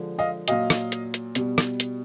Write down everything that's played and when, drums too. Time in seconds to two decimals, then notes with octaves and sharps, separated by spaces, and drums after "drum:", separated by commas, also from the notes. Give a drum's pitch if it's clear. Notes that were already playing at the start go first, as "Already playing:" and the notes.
Already playing: D3 F3 G#3
0.19 D#5 F5
0.48 A#2 F#3 D#5 F5, drum: hi-hat
0.70 drum: rim click
0.92 drum: hi-hat
1.14 drum: hi-hat
1.35 B2 G3, drum: hi-hat
1.58 drum: rim click
1.80 drum: hi-hat